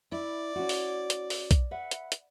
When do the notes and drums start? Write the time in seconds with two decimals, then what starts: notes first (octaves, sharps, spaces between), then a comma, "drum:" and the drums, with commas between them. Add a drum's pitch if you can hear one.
0.12 E4 D5
0.56 C#4 F#4
0.69 drum: open hi-hat
1.10 drum: hi-hat
1.30 drum: open hi-hat
1.51 drum: kick B1, hi-hat
1.71 B4 E5 F#5
1.91 drum: hi-hat
2.12 drum: hi-hat